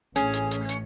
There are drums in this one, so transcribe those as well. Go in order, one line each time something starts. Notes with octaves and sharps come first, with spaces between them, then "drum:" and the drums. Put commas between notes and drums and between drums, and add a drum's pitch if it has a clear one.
A1 A2 C#4 G#4, drum: hi-hat
drum: hi-hat
drum: hi-hat
drum: hi-hat